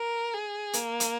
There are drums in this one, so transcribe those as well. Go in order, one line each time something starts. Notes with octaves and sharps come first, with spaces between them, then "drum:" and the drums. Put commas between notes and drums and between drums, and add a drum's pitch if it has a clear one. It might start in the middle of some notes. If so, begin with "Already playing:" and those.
Already playing: A#4
G#4
A#3, drum: hi-hat
drum: hi-hat